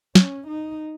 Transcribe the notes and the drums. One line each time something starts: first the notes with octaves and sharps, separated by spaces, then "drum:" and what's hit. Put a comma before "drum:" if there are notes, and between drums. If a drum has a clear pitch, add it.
C#4, drum: snare
D#4